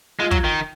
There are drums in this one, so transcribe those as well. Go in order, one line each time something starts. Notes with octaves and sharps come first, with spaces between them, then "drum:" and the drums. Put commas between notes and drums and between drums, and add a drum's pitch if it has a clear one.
G#3 F4
F#3, drum: kick
D#3